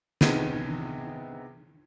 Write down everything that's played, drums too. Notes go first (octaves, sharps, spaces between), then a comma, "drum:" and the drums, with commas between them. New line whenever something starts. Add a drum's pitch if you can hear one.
C3 B3 D#4 G#4 G#6 D#7, drum: snare